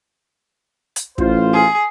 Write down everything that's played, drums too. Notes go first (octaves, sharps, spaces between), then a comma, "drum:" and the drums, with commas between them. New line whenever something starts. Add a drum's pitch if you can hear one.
drum: hi-hat
A1 F4 C5, drum: kick
G#4